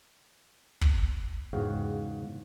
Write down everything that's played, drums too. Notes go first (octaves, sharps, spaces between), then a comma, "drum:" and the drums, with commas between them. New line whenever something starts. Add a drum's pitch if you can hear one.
drum: kick
E2 G#2 C#3 F#4 F5 G5